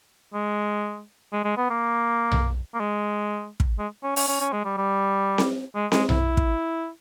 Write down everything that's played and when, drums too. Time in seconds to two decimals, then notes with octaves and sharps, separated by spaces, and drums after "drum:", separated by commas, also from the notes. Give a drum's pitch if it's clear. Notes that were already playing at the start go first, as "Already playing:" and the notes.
0.34 G#3
1.33 G#3
1.44 G#3
1.57 B3
1.70 A#3
2.32 drum: tom B1
2.74 A#3
2.80 G#3
3.60 drum: kick
3.78 G#3
4.03 C#4
4.16 C#4, drum: open hi-hat
4.28 C#4
4.41 C#4
4.53 G#3
4.65 G3
4.77 G3
5.38 drum: snare C4
5.75 G#3
5.92 G#3, drum: snare C4
6.09 E4, drum: tom B1
6.37 drum: kick